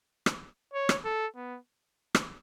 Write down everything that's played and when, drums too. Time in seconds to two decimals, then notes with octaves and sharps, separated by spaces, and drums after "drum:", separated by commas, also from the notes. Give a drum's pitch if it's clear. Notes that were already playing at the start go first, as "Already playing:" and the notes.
0.26 drum: rim click
0.74 C#5
0.89 drum: rim click
1.05 A4
1.36 B3
2.15 drum: rim click